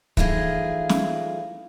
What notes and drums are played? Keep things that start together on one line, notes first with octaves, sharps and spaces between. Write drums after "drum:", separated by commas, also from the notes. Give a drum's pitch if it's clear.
E3 F3 A3 D#4 F4 G#4, drum: kick
drum: snare